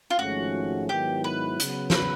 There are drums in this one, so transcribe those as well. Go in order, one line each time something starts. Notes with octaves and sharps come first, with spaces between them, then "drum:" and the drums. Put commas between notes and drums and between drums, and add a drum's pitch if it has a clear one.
F4
G#1 G#2 F3 A3 C#4 F#4
G#2 D#3 F#3 B3 E4 G4
B4
C#3 F#3 B3, drum: hi-hat
C5, drum: snare
B4